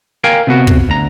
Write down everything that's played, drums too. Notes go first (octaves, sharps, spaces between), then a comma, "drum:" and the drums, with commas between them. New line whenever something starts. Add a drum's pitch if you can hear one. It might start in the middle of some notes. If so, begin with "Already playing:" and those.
A#4 F5 G5 G#5
C3 B3 F#4
drum: kick
D2 A#5